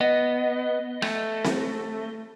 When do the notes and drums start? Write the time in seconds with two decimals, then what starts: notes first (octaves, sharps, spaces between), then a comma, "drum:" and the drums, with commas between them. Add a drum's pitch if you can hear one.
0.01 B3 D#5
1.02 A3, drum: rim click
1.45 drum: snare C4